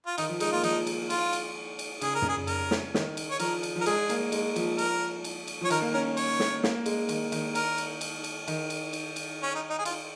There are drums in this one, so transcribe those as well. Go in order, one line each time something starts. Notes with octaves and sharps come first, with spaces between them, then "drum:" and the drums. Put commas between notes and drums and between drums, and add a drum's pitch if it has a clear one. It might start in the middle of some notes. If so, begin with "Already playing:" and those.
F4
D#3 D#4, drum: cymbal
F3
G#3 D#4, drum: cymbal
A#3 F4
F3 D#4, drum: cymbal
drum: cymbal
F4, drum: cymbal
drum: cymbal
drum: cymbal
C#3 G#4, drum: cymbal
A#4
C#3, drum: tom
G#4
A#4, drum: cymbal
drum: snare
D#3, drum: snare
drum: cymbal
C#5
F3 A#4, drum: cymbal
drum: cymbal
F3
A#4
G#3 G#4, drum: cymbal
A#3, drum: cymbal
G#3, drum: cymbal
F3, drum: cymbal
A#4, drum: cymbal
drum: cymbal
drum: cymbal
F3 C#5
D#3 A#4, drum: cymbal
A#3
C#4 A#4
C#5, drum: cymbal
drum: snare
A#3, drum: snare
G#3, drum: cymbal
D#3, drum: cymbal
D#3, drum: cymbal
A#4, drum: cymbal
drum: cymbal
drum: cymbal
drum: cymbal
D#3, drum: cymbal
drum: cymbal
drum: cymbal
drum: cymbal
C#4
D#4
D#4
G#4
F4, drum: cymbal